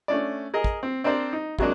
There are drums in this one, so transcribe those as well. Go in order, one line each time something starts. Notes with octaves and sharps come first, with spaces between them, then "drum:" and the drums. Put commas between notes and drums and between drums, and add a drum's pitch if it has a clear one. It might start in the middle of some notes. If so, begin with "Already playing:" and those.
A3 C#4 D4 D5
G#4 A#4 D#5
drum: kick
C4
C4 D4 A#4 C5 D5
D#4
C3 F#3 G#3 A#3 D4, drum: kick